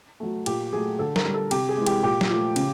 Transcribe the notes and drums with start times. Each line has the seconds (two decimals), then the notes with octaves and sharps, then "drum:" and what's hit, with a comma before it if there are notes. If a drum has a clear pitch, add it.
0.20 F#3 A3
0.46 A#2 G4, drum: cymbal
0.73 F#3 A3 G#4
0.99 D3 A4
1.16 A#4, drum: snare
1.25 G3
1.34 A4
1.51 C3 G4, drum: cymbal
1.69 G#4
1.77 E3 G#3
1.86 G4, drum: cymbal
2.03 A#2 G4
2.21 drum: snare
2.30 F3 A3
2.56 C#3, drum: cymbal